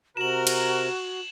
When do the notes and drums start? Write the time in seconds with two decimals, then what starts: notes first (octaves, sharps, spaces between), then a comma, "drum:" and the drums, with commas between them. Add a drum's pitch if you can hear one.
0.17 C3 F#4 A#4 A#5 E7 F#7
0.47 drum: cymbal